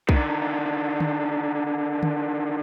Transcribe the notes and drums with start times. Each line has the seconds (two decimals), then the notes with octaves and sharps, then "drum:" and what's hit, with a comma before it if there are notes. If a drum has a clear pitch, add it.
0.09 D3 D#3, drum: kick B1
1.00 drum: tom D3
2.03 drum: tom D3